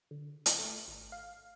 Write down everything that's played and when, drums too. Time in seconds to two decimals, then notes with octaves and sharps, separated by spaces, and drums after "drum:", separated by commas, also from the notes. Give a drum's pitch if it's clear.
0.11 D3
0.46 drum: hi-hat
0.59 A3
0.88 G#1
1.12 F5